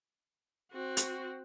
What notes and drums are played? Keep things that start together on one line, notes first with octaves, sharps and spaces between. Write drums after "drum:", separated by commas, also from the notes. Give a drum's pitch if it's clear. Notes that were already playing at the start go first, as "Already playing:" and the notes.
C4 F#4
drum: hi-hat